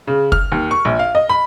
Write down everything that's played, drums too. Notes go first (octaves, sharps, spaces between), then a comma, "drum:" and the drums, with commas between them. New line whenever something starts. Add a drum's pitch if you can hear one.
C#3
F6, drum: kick
D#2
C#6
A#1
F5
D#5
B5